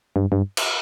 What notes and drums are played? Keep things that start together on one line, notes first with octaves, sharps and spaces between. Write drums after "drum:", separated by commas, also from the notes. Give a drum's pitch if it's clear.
G2
G2
drum: cymbal